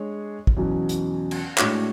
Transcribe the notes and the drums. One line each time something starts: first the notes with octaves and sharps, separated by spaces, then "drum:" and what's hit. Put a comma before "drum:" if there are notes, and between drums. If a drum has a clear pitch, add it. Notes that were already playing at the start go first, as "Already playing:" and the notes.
Already playing: G#3 D4 G#4 C#5
drum: kick
E2 B2 F#3 C#4
drum: hi-hat
drum: cymbal
A2 G#3 D4 F#4 C#5, drum: clap